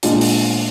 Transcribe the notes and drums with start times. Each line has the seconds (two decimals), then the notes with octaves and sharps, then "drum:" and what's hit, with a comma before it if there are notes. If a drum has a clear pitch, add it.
0.03 A#2 G#3 D4 F4, drum: hi-hat
0.21 drum: open hi-hat